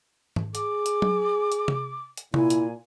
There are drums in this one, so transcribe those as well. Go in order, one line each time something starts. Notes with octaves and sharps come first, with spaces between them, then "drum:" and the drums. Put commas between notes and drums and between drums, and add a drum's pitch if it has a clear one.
drum: tom G#2
G#4 D6, drum: hi-hat
drum: hi-hat
drum: tom F#3
drum: hi-hat
drum: tom C3
drum: hi-hat
A#2 E4 G#5, drum: tom C3
drum: hi-hat